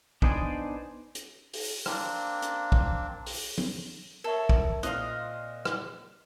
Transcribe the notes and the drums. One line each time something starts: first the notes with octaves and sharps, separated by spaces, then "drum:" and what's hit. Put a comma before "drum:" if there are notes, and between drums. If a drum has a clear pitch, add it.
B3 D4 D#4 C5 D5 G#5, drum: kick
drum: hi-hat
drum: open hi-hat
A#3 C4 D4, drum: rim click
drum: hi-hat
drum: kick
drum: open hi-hat
drum: tom F3
A4 A#4 C#5 E5
drum: kick
A#2 C4 D#5 F5 F#6, drum: hi-hat
drum: rim click